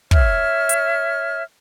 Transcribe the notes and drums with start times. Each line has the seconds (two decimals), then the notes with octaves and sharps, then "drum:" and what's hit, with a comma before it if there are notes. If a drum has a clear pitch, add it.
0.11 C#5 E5 F6, drum: kick
0.69 drum: hi-hat